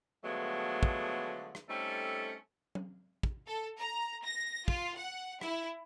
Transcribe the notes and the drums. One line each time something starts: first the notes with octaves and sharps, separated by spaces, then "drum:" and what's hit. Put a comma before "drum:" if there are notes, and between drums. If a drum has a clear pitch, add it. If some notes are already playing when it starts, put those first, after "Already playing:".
D3 F3 F#3 G#3 A3 B3
drum: kick
drum: rim click
G3 A3 C4 C#4 D#4 A4
drum: tom F#3
drum: kick
A4
A#5
A#6
F4, drum: kick
F#5
E4, drum: rim click